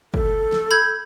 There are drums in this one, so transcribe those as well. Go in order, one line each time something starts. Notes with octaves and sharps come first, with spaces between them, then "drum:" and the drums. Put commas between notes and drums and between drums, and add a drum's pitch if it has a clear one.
A4, drum: kick
drum: snare
B5 G6 G#6